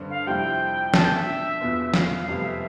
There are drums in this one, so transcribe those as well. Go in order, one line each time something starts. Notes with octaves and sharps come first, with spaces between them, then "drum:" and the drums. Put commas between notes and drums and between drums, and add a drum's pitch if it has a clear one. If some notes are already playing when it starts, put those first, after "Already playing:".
Already playing: G2 D3 G3 C4
F5
F2 C3 G3 C4 E4 G5
B2 A3 D4 A4 A5, drum: snare
G5
E5
E2 B2 B3 F4
F5, drum: snare
F1 F2 C3 G3 B3 F5
E5